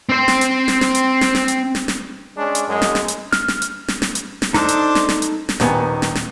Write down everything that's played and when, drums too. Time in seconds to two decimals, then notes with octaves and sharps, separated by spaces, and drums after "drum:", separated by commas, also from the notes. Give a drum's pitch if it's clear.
0.09 C4 C5
0.28 drum: snare
0.41 drum: hi-hat
0.68 drum: snare
0.81 drum: snare
0.95 drum: hi-hat
1.21 drum: snare
1.35 drum: snare
1.48 drum: hi-hat
1.75 drum: snare
1.88 drum: snare
2.37 G#3 C#4 D4
2.55 drum: hi-hat
2.68 F#2 G#3
2.82 drum: snare
2.95 drum: snare
3.08 drum: hi-hat
3.32 F6, drum: snare
3.48 drum: snare
3.62 drum: hi-hat
3.88 drum: snare
4.02 drum: snare
4.15 drum: hi-hat
4.42 drum: snare
4.54 D4 D#4 A4 C5 D#5 A5, drum: snare
4.69 drum: hi-hat
4.95 drum: snare
5.09 drum: snare
5.22 drum: hi-hat
5.49 drum: snare
5.60 D#1 D#3 B3 G#5, drum: snare
6.02 drum: snare
6.15 drum: snare